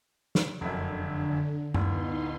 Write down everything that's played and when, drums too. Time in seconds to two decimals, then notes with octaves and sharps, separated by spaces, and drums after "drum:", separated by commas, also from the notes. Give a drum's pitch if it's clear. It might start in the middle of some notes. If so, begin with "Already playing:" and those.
0.35 drum: snare
0.61 F1 F#2 D3
1.74 D1 B3 D#4 C6, drum: tom F#2